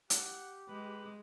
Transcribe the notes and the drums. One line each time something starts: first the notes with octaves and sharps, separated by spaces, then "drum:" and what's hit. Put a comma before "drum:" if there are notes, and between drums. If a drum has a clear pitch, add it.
G4 F#5, drum: hi-hat
G#3 B4